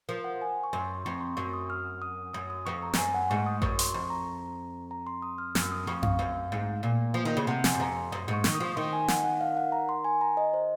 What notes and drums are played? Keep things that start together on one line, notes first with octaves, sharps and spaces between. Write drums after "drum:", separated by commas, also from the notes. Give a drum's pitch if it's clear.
F3 A#4
F#5
G#5
C#6
F#2 C6
F2 C#6
C6
F#2 C#6
D#6
F6
D#6
F#2 D#6
D#6
F2 C#6
A#5
F2, drum: snare
F#2 G#5
F#5
G#2 C#6
D#6
F#2 C#6, drum: kick A1
C6, drum: hi-hat
F2 C#6
A#5
A#5
C6
D#6
F6
F#2 F6, drum: snare
D#6
F2 C#6
F5, drum: tom F#2
F#2
G#2
A#2
F3
D#3
C#3
C3 F#5
G#5, drum: snare
F#2
F2 A#5
C6
F#2 D#6
G#2
C#6
D#3 C#6, drum: snare
D#6
F3
D#3 C6
G#5
F#5, drum: snare
F#5
F5
F#5
A#5
C6
G#5
A#5
D#5
C5